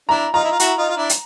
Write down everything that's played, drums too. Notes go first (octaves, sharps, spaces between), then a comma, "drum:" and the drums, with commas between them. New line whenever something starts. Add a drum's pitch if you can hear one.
D4 E4 A#5
D#4 F4 A#5
E4
F4
E4 F#4, drum: hi-hat
D#4 F4
F4
D4 E4
drum: hi-hat